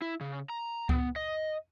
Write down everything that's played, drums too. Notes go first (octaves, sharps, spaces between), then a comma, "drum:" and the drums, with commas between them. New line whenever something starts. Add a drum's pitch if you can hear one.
E4
C#3
A#5
B3, drum: kick C#2
D#5